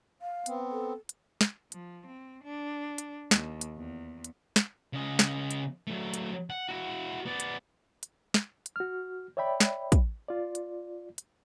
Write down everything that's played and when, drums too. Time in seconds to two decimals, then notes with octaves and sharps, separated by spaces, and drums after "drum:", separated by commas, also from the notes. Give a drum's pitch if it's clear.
0.22 F5
0.46 B3 C4, drum: hi-hat
0.71 A4
1.09 drum: hi-hat
1.41 drum: snare
1.72 F3, drum: hi-hat
2.06 C4
2.44 D4
2.98 drum: hi-hat
3.31 D#2, drum: snare
3.61 drum: hi-hat
3.77 E2
4.24 drum: hi-hat
4.56 drum: snare
4.93 C#3 D#5
5.19 drum: snare
5.51 drum: hi-hat
5.87 F#3 A3
6.14 drum: hi-hat
6.50 F#5
6.69 E4 F#4
7.26 B3 D5
7.40 drum: hi-hat
8.03 drum: hi-hat
8.34 drum: snare
8.66 drum: hi-hat
8.76 F#4 F6
9.37 C#5 D5 E5 G5 B5
9.60 drum: snare
9.92 drum: kick, hi-hat
10.28 F4 D5
10.55 drum: hi-hat
11.18 drum: hi-hat